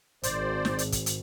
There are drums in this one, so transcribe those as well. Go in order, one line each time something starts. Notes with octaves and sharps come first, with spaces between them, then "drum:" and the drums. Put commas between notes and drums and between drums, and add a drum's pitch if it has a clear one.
G#1 C5 D5, drum: hi-hat
drum: snare
drum: hi-hat
drum: kick, hi-hat
drum: hi-hat